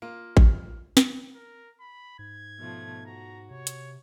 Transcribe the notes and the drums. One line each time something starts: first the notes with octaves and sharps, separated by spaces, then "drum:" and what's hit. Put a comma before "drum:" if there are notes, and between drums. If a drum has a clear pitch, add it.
A#3 F4
drum: kick A1
drum: snare
A#4
B5
G#2 G#6
B2 F3 A3
F#4 A#5
C3 C#5
drum: hi-hat